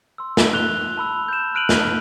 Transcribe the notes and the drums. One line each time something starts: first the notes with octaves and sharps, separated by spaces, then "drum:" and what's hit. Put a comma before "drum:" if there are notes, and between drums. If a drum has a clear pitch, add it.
C6 E6
drum: snare
F#6 F7 G7
A5 B5 E6
G6 E7
F6 F#6 D7 D#7 F7 F#7
drum: snare